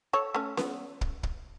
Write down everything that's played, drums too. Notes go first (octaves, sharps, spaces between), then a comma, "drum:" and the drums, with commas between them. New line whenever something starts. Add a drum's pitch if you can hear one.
A4 C#5
A3 C#4
B3, drum: snare C#4
drum: kick
drum: kick